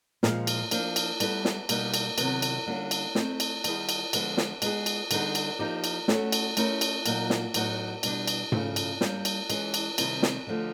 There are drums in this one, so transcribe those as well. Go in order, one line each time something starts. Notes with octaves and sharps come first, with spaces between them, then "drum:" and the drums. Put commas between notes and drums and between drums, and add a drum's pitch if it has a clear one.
A#2 F3 G#3, drum: snare
drum: cymbal
F3 A#3 D4, drum: cymbal
drum: cymbal
G3 B3 E4 A4, drum: cymbal
drum: snare
B2 G3 A#3 D#4, drum: cymbal
drum: cymbal
C3 D#3 F#3 B3, drum: cymbal
drum: cymbal
D3 G3 A#3 C#4
drum: cymbal
A3 C4 D#4, drum: snare
drum: cymbal
D#3 G3 B3 E4 G#4, drum: cymbal
drum: cymbal
D3 F3 G#3 B3, drum: cymbal
drum: snare
G#3 B3 D#4 G#4, drum: cymbal
drum: cymbal
D3 G3 B3 D#4 G#4, drum: cymbal
drum: cymbal
F3 A#3 D#4 G4
drum: cymbal
A3 C#4 F#4 A4, drum: snare
drum: cymbal
A3 C#4 E4 G4 A#4, drum: cymbal
drum: cymbal
A#2 F#3 A#3 D#4, drum: cymbal
drum: snare
A2 F#3 B3 D#4 F#4, drum: cymbal
B2 G3 B3 D4 G4, drum: cymbal
drum: cymbal
C#3 F3 A3 C#4, drum: tom G#2
drum: cymbal
G3 A#3 C#4, drum: snare
drum: cymbal
E3 G#3 C#4, drum: cymbal
drum: cymbal
C3 D#3 G3 C4 E4, drum: cymbal
drum: snare
D3 F3 A3